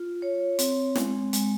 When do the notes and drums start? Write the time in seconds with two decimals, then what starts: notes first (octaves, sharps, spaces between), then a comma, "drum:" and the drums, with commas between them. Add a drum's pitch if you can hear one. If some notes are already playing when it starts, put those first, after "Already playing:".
Already playing: F4
0.22 C#5
0.59 C4, drum: hi-hat
0.96 G#3, drum: snare
1.33 G#3, drum: hi-hat